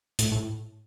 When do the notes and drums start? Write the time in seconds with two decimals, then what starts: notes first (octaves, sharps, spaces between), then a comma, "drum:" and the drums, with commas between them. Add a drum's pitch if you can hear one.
0.19 A2, drum: hi-hat
0.32 A2